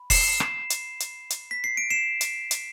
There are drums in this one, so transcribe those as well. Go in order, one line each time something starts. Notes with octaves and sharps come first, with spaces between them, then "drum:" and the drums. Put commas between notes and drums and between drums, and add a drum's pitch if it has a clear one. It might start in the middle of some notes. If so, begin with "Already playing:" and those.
Already playing: B5
C7 E7, drum: kick, open hi-hat
drum: rim click
drum: hi-hat
drum: hi-hat
drum: hi-hat
B6
C7
D7
C7 E7
drum: hi-hat
drum: hi-hat